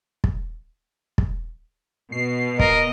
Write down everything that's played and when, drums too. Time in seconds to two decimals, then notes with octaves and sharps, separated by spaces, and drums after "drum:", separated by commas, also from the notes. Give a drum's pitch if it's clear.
0.24 drum: kick
1.18 drum: kick
2.12 B2 C7
2.59 A#4 D#5, drum: kick